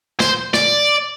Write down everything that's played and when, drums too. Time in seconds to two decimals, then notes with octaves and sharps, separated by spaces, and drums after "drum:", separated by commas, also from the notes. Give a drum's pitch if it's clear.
0.20 C5, drum: snare
0.54 D5, drum: snare